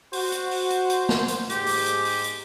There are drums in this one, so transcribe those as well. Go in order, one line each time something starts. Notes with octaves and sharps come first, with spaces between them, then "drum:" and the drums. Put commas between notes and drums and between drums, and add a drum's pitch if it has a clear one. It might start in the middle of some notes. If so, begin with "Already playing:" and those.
F#4 C5, drum: open hi-hat
drum: hi-hat
drum: open hi-hat
drum: hi-hat
drum: hi-hat
drum: snare
drum: hi-hat
G#2 G4, drum: hi-hat
drum: open hi-hat
drum: hi-hat
drum: open hi-hat
drum: hi-hat